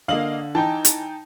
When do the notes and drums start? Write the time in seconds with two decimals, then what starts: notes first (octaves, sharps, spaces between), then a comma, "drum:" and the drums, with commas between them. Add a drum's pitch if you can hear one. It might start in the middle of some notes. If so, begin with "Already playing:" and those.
0.08 D3 A#3 D#5 F5 F#7
0.55 E3 D#4 G5 A5
0.85 drum: hi-hat